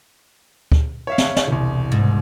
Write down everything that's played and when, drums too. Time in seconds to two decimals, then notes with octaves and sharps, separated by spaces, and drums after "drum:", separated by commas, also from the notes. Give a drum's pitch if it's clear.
0.72 drum: kick D2
1.07 C#5 E5 F5
1.18 drum: snare
1.36 drum: snare
1.47 E1 C2
1.92 G#2